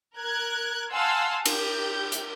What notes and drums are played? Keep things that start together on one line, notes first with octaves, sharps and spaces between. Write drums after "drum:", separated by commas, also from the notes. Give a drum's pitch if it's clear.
A#4 F#6 G#6
F5 F#5 G#5 A5 C6 E6
G4 G6, drum: cymbal
drum: hi-hat